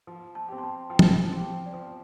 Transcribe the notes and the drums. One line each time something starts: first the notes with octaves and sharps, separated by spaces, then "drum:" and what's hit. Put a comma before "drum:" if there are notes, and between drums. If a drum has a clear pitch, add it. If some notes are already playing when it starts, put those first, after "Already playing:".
F3
A5
C4 G4
C6
A5
F3 G5
drum: tom
C4 G4
D5
F3 C5